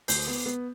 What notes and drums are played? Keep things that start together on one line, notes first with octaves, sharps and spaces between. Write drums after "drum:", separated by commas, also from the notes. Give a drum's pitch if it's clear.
D2 G6, drum: open hi-hat
B3
B3